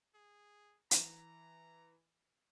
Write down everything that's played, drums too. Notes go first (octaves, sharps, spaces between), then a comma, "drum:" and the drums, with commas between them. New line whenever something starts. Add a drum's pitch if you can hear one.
G#4
E3 A#5, drum: hi-hat